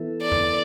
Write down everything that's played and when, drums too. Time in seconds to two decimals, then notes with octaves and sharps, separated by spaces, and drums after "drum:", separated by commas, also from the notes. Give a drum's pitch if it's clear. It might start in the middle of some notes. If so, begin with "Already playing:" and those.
Already playing: E3 B3 E4 A4
0.22 D5
0.32 drum: tom E2